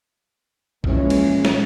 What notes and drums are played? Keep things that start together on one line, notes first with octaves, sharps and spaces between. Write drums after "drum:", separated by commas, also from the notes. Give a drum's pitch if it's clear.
A#2 E3 F3 G#3 A#3 C#4, drum: kick A1
drum: cymbal
drum: snare